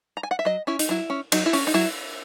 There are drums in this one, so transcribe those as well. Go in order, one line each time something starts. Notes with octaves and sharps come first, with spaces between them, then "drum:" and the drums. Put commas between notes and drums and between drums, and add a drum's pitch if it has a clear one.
A#5
G#5
F#5
E5
F#3 D#5
C#4 E4
D#4, drum: hi-hat
F#3 E4
C#4
F#3 D#4, drum: cymbal
E4
C#4, drum: open hi-hat
D#4
F#3 E4